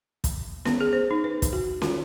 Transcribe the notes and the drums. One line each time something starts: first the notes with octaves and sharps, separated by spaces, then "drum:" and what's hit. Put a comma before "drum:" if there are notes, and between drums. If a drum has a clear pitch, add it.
drum: kick, hi-hat
B3, drum: snare C#4
G#4
C5
D#4
B4
drum: kick, hi-hat
F#4
F4, drum: snare C#4